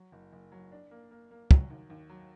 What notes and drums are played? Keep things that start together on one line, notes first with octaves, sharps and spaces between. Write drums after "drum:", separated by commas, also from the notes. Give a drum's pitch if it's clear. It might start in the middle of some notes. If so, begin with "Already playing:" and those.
Already playing: F#3
F#1
F#1
F#3
D4
A#3
A#3
A#3
F#3, drum: kick
D#2
D#2
F#3